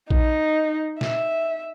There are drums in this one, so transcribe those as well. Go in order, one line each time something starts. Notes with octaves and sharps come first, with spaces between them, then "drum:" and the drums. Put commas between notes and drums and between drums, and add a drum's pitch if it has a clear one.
D#4, drum: kick A#1
E5, drum: snare